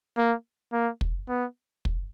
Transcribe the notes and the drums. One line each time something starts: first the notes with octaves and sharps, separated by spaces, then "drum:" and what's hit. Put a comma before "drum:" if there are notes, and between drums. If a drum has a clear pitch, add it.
A#3
A#3
drum: kick
B3
drum: kick